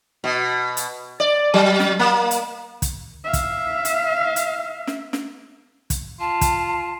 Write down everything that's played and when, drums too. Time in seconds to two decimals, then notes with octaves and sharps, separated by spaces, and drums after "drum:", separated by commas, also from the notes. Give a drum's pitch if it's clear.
0.24 B2
0.77 drum: hi-hat
1.20 D5
1.54 F#3
1.79 drum: snare
1.99 A#3
2.31 drum: hi-hat
2.82 drum: kick, hi-hat
3.24 E5 F5
3.33 drum: kick, hi-hat
3.85 drum: hi-hat
4.36 drum: hi-hat
4.87 drum: snare
5.13 drum: snare
5.90 drum: kick, hi-hat
6.20 F4 A5
6.41 drum: kick, hi-hat